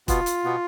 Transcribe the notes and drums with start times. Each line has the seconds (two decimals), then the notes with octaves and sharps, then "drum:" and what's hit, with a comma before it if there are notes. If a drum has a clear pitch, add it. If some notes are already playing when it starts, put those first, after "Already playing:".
0.08 B2 B3 F4, drum: kick E1, hi-hat
0.26 drum: hi-hat
0.44 B2 B3